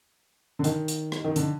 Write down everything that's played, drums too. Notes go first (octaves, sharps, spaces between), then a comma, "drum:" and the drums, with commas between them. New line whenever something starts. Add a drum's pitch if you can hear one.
D3
D#3, drum: hi-hat
drum: hi-hat
drum: rim click
D#3
D3, drum: hi-hat